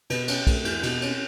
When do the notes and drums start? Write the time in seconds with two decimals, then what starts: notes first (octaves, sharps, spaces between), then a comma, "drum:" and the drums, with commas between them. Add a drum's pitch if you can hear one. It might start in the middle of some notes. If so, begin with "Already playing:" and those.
0.10 B2 B4, drum: cymbal
0.28 C#4, drum: cymbal
0.47 A3, drum: kick, cymbal
0.65 E2, drum: cymbal
0.83 B2, drum: cymbal
1.02 C#4, drum: cymbal